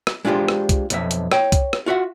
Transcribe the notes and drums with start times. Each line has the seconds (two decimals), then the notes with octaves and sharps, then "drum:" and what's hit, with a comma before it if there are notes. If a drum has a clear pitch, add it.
0.07 drum: rim click
0.25 G#3 D4 F4 G4 C5
0.48 drum: rim click
0.69 drum: kick C2, hi-hat
0.90 B1 F2 E5, drum: hi-hat
1.11 drum: hi-hat
1.32 C#5 G5, drum: rim click
1.52 drum: kick C2, hi-hat
1.73 drum: rim click
1.86 F4 F#4 E5 F#5